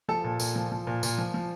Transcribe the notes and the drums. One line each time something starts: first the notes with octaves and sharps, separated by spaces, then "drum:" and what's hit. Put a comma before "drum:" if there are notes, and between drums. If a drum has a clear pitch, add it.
F3 A4
A#2
A#2, drum: tambourine
F3
F3
A#2
A#2, drum: tambourine
F3
F3